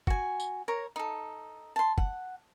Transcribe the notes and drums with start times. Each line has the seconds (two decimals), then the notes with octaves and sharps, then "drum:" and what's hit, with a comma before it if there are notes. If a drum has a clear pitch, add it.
0.07 F#4 G#5, drum: kick
0.40 drum: tambourine
0.68 A#4 C#5 A#5
0.96 D#4 A4
1.76 A5 C6
1.98 F#5, drum: kick